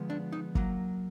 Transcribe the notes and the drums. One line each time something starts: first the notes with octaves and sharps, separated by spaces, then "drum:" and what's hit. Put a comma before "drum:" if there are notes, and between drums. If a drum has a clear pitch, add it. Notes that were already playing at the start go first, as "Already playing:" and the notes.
Already playing: D3 F3 G#3 B3
D4
D#4
F#3 A#3, drum: kick